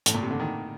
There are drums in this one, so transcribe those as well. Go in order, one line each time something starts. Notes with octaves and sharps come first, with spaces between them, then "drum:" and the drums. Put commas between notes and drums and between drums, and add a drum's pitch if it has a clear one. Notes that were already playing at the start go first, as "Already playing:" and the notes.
A2, drum: hi-hat
A#2
C3
D3
D#3